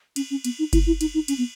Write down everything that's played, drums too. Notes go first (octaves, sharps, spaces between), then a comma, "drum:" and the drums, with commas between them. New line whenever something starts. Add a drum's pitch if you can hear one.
C#4, drum: cymbal
C#4
B3, drum: cymbal
D#4
E4, drum: kick F#1, cymbal
E4
D#4, drum: cymbal
D#4
C#4, drum: cymbal
B3